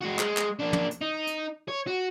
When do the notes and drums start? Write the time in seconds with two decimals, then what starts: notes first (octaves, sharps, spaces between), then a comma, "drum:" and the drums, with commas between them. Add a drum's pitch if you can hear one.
0.02 G#3 F#4
0.19 G#3, drum: clap
0.37 drum: clap
0.60 A#3 D4
0.73 drum: tom
0.91 drum: hi-hat
1.02 D#4
1.27 drum: hi-hat
1.68 C#5
1.87 F#4